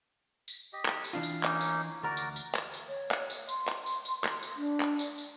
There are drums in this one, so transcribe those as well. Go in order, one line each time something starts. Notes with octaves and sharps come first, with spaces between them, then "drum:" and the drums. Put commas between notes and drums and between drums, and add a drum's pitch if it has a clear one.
drum: tambourine
G4 D#5
drum: clap
drum: tambourine
E3 D4 F4 F5
drum: tambourine
A#3 C#4 D#4, drum: clap
drum: tambourine
D2 F#4 A#4 D5 A#5
drum: tambourine
drum: tambourine
drum: clap
drum: tambourine
C#5
drum: clap
drum: tambourine
C6, drum: tambourine
drum: clap
drum: tambourine
drum: tambourine
drum: clap
drum: tambourine
D4
drum: clap
drum: tambourine
drum: tambourine